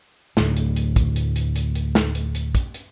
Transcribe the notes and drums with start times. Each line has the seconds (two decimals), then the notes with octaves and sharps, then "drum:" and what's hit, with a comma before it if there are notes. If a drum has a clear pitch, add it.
0.37 D2 A2, drum: snare
0.57 drum: hi-hat
0.76 drum: hi-hat
0.96 drum: kick, hi-hat
1.16 drum: hi-hat
1.36 drum: hi-hat
1.56 drum: hi-hat
1.75 drum: hi-hat
1.95 drum: snare
2.15 drum: hi-hat
2.35 drum: hi-hat
2.55 drum: kick, hi-hat
2.74 drum: hi-hat